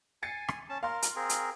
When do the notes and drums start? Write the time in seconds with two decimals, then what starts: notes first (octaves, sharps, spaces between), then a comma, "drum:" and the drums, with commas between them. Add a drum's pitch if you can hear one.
0.23 G#5 A6 C7 C#7
0.48 drum: rim click
0.69 C#4 A5
0.83 A#4 F5 C6
1.02 drum: hi-hat
1.16 C4 G#4 A#4
1.29 drum: hi-hat